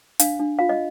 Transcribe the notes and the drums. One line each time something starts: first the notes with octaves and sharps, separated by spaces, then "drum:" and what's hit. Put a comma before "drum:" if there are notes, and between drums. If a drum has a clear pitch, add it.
D4 F5, drum: hi-hat
D4
F4 F5
D#5